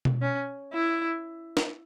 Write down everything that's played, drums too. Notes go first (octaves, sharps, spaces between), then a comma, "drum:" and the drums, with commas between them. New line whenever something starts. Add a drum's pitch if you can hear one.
drum: tom B2
C#4
E4
drum: snare